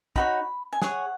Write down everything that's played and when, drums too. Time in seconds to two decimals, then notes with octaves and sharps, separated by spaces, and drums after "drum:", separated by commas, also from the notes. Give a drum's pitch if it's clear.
0.16 D#4 F#4 C#5 B5, drum: kick
0.73 G#5
0.82 G#4 C#5 F#5, drum: snare